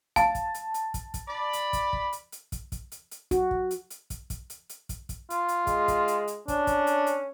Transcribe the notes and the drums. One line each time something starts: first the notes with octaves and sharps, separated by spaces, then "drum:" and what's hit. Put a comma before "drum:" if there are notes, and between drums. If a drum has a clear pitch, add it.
F5 A5, drum: kick, hi-hat
drum: kick, hi-hat
drum: hi-hat
drum: hi-hat
drum: kick, hi-hat
drum: kick, hi-hat
D5 B5
drum: hi-hat
drum: kick, hi-hat
drum: kick
drum: hi-hat
drum: hi-hat
drum: kick, hi-hat
drum: kick, hi-hat
drum: hi-hat
drum: hi-hat
F#4, drum: kick, hi-hat
drum: kick
drum: hi-hat
drum: hi-hat
drum: kick, hi-hat
drum: kick, hi-hat
drum: hi-hat
drum: hi-hat
drum: kick, hi-hat
drum: kick, hi-hat
F4, drum: hi-hat
drum: hi-hat
G#3, drum: kick, hi-hat
drum: kick, hi-hat
drum: hi-hat
drum: hi-hat
C#4 D4, drum: kick, hi-hat
drum: kick, hi-hat
drum: hi-hat
drum: hi-hat